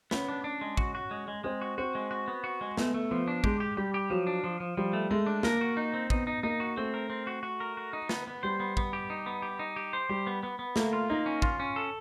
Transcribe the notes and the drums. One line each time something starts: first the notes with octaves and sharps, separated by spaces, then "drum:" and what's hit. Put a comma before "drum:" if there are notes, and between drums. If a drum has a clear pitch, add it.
B3 C#4, drum: snare
D4
D4
G#3
F#4, drum: kick
F#4
G#3
G#3
G#3 C4
F#4
C4 F#4
G#3
F#4
B3
F#4
G#3
A3 B3, drum: snare
A3
F3 B3
D4
G#3 G4, drum: kick
G4
G3 G4
G4
F3 F#3
D4
F3
F3
F3 G3
A3
G#3 A3
D4
A#3 A#4, drum: snare
F#4
D#4
C4
B3 D#4, drum: kick
D#4
A#3 D#4
F#4
A3 C4
A#4
C4
F#4
F#4
A#4
F#4
D#4
B3, drum: snare
B3
G3 C5
B3
B3, drum: kick
G4
D#4
B3
G4
D#4
G4
C5
G3 G4
B3
B3
B3
A3 A#3, drum: snare
F4
A#3 D#4
C#4
F4, drum: kick
C#4
A4